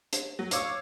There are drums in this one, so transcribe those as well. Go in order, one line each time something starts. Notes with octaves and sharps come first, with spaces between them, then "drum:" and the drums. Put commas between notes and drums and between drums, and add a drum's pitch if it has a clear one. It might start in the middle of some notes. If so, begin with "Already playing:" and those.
drum: hi-hat
F#3
C#5 F5 D6 E6, drum: hi-hat